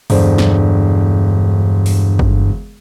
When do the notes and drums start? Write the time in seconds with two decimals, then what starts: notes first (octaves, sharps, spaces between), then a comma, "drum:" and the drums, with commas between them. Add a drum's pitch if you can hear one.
0.10 E1 G2 D3 C5, drum: open hi-hat
0.38 drum: snare
1.86 drum: open hi-hat
2.19 drum: kick